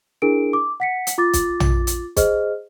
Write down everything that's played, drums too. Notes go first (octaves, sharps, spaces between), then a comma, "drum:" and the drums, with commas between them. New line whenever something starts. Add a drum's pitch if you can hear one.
D4 E4 G#4 A#4 D7
D6
F#5 B6 C#7
drum: hi-hat
F4 D6 A6
drum: kick, hi-hat
drum: tom
drum: hi-hat
G#4 C5 D#5 F6, drum: kick, hi-hat